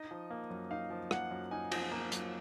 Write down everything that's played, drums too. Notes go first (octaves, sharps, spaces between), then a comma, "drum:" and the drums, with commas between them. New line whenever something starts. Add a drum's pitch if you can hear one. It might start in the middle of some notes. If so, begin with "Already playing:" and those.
Already playing: D#4 D#5
F3
A#3
F#2
D#4 F5
F3
A#3 F#5, drum: rim click
F#2
D#4 G#5
F3, drum: cymbal
A#3 A#5
F#2, drum: hi-hat